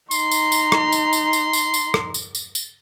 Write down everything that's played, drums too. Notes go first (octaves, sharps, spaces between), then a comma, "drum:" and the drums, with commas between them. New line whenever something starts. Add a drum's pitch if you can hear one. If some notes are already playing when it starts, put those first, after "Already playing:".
D#4 A#5 C6, drum: tambourine
drum: tambourine
drum: tambourine
drum: rim click
drum: tambourine
drum: tambourine
drum: tambourine
drum: tambourine
drum: tambourine
drum: rim click
drum: tambourine
drum: tambourine
drum: tambourine